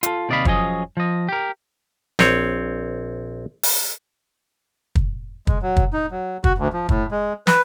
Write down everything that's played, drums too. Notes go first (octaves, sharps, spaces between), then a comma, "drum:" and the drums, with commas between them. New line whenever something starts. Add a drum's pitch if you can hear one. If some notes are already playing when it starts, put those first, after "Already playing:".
F4 A4, drum: hi-hat
D#2 C3 D5 D#5 F5 B5
F3 F#3 C#4 G#4 D#5, drum: kick
F3 D#5
G4 A#4
A#1 C4 C#5, drum: snare
drum: open hi-hat
drum: kick
G#3, drum: kick
F#3
drum: kick
D#4
F#3
F#4, drum: kick
D2
F3
A2, drum: kick
G#3
B4, drum: snare